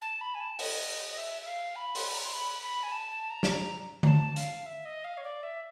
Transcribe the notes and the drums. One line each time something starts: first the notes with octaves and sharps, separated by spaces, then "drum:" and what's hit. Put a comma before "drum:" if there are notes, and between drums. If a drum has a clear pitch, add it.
A5
B5
G#5
A5
D#5, drum: open hi-hat
D#5
E5
E5
F5
B5
C6, drum: open hi-hat
B5
A#5
C6
B5
B5
G#5
A5
A5
A#5
A5, drum: snare
A#5
A#5, drum: tom D3
A5
F5, drum: hi-hat
E5
D#5
F5
C#5
D5
E5